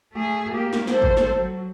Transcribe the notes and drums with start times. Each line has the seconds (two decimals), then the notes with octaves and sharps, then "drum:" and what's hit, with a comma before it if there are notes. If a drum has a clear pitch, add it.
0.13 A3 G#4
0.54 A#3 G4
0.73 drum: snare
0.87 A4 C5, drum: snare
1.02 drum: kick
1.17 drum: snare
1.35 F#3